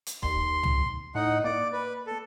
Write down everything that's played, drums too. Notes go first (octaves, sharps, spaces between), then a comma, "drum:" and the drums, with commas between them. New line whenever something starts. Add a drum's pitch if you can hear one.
drum: hi-hat
D#2 C6, drum: kick
drum: tom C#2
A2 D#4 F#5
A#3 D5
B4
A4